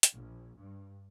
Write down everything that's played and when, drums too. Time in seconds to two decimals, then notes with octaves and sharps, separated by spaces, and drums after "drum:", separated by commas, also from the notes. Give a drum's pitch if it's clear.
0.03 drum: hi-hat
0.14 A#1
0.59 G2